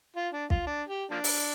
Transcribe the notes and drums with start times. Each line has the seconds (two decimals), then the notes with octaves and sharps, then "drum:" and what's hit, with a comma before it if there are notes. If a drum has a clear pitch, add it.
0.16 F4
0.33 D4
0.50 F4, drum: kick
0.66 D4
0.89 G4
1.11 F3 A#3 D4
1.24 drum: open hi-hat